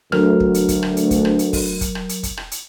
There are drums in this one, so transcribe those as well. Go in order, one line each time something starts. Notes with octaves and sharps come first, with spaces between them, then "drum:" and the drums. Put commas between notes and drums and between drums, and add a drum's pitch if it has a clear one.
D2 F#3 A#4 F6, drum: rim click
drum: kick
drum: hi-hat
drum: kick, hi-hat
drum: rim click
drum: hi-hat
drum: kick, hi-hat
drum: rim click
drum: hi-hat
drum: kick, open hi-hat
drum: kick, hi-hat
drum: rim click
drum: hi-hat
drum: kick, hi-hat
drum: rim click
drum: hi-hat